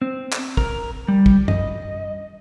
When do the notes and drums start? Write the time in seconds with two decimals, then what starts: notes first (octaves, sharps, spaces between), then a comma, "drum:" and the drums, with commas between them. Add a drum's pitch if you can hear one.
0.02 C4
0.33 drum: clap
0.57 A#4, drum: kick
1.08 G3
1.26 drum: kick
1.48 D#5, drum: tom F#2